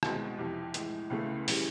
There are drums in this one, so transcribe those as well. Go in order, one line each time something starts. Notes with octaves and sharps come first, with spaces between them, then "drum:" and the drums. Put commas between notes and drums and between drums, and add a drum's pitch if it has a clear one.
C2 B2 G#3 C4, drum: rim click
F2 C3 E3
A2 E3 G#3, drum: hi-hat
C#2 C#3 E3 A3
C#3 E3 G3, drum: open hi-hat